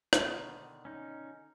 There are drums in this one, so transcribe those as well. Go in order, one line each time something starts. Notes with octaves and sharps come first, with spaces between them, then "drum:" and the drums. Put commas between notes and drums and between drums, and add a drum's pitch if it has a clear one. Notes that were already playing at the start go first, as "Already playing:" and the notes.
B2 D3 D#3, drum: rim click
C#4 D#4